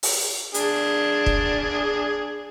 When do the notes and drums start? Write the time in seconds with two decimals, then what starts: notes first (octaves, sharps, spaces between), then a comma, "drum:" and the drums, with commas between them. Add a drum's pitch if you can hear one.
0.03 drum: open hi-hat
0.54 D4 G#4, drum: hi-hat
1.26 drum: kick